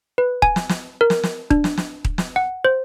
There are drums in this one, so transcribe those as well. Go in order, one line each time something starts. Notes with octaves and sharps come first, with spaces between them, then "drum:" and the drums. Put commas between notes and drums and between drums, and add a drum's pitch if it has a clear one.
B4
G#5, drum: kick D#1
drum: snare
drum: snare
A#4
drum: snare
drum: snare
D4, drum: kick D#1
drum: snare
drum: snare
drum: kick D#1
drum: snare
F#5
C5